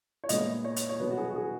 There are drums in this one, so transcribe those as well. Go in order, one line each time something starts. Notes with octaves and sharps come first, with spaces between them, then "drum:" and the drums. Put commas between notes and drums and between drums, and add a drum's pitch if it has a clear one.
C#5
A#2 G#3 B3 D#5, drum: hi-hat
C#5
drum: hi-hat
C#5
B2 F#3 B3 B4
F#4
G#4
F#4
G#4